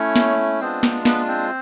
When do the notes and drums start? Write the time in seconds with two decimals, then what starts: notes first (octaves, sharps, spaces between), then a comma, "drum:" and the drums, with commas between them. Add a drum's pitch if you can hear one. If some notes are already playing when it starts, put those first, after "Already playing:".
Already playing: A3 C#4 E4 C#5
0.16 drum: snare
0.61 G#3 B3 C4 D4 F4 C5, drum: tambourine
0.83 drum: snare
1.05 B3 B4, drum: snare
1.28 C4 C5